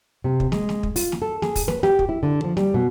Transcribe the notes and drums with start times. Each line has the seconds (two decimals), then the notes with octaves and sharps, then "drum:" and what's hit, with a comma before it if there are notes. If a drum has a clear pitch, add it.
0.24 C3
0.40 drum: kick
0.52 G#3, drum: snare
0.69 drum: snare
0.83 drum: kick
0.96 F4, drum: open hi-hat
1.12 drum: snare
1.22 A4
1.42 G#4, drum: snare
1.56 drum: kick, open hi-hat
1.68 B4, drum: snare
1.83 G4, drum: snare
1.99 drum: kick
2.09 E4
2.23 D3
2.44 F3
2.57 G3, drum: snare
2.74 B2